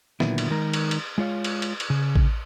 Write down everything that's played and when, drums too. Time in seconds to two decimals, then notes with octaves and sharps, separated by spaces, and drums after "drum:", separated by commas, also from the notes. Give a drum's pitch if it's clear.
0.20 A#2 D3 D#3 F#3 B3 E4, drum: snare
0.38 drum: cymbal
0.50 D#3 G#3 D#4 A#4 A#5
0.73 drum: cymbal
0.91 drum: cymbal
1.18 G#3 F4 C#5 F5
1.44 drum: cymbal
1.62 drum: cymbal
1.80 drum: cymbal
1.90 C#3
2.15 drum: kick A1